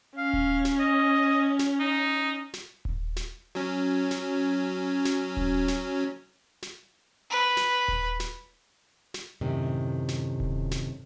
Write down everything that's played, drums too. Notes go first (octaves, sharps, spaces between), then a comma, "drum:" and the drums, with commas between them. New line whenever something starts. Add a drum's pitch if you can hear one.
C#4 F5
drum: kick D#1
drum: snare
D#5
drum: snare
D#4
drum: snare
drum: kick D#1
drum: snare
F#3 C#4
drum: snare
drum: snare
drum: kick D#1
drum: snare
drum: snare
B4
drum: snare
drum: kick D#1
drum: snare
drum: snare
F#2 A2 C3 D#3
drum: snare
drum: kick D#1
drum: snare